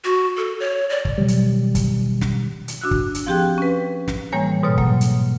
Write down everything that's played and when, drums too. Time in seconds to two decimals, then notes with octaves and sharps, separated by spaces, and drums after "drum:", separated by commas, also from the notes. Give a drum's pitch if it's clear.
0.04 F#4
0.37 A4
0.60 C#5
0.90 D5
1.05 drum: kick
1.18 B2 D#3 F#3 G3
1.28 drum: hi-hat
1.75 drum: kick, hi-hat
2.21 drum: snare
2.68 drum: hi-hat
2.81 D4 F#4 E6 F#6
2.91 drum: kick
3.14 drum: hi-hat
3.26 F3 C4 G4 G#4 G5 F#6
3.58 C#4 B4
4.08 drum: snare
4.32 A2 E3 G3 A#3 C#5 G#5
4.63 G#2 B2 A4 C#5 F6
4.77 F#3 A#3, drum: kick
5.01 drum: hi-hat